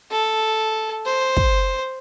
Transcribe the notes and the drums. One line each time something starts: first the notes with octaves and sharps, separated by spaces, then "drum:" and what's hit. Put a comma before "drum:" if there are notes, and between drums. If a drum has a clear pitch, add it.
A4
C5
drum: kick